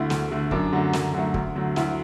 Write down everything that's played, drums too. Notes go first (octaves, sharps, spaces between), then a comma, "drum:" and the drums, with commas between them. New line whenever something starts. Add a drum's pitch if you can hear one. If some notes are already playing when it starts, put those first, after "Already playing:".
Already playing: D2 D3 A3 E4
D2, drum: snare
D3 A3
F#2 D4, drum: kick
D3 F#3 A3
F#2, drum: snare
D3 F#3 A3
D2, drum: kick
D3 F#3 A3
D2 E4, drum: snare